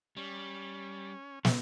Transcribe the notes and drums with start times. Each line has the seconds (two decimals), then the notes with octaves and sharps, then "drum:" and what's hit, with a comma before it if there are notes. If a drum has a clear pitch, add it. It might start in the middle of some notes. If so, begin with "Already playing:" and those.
0.17 G3 C#4
1.45 C#3, drum: snare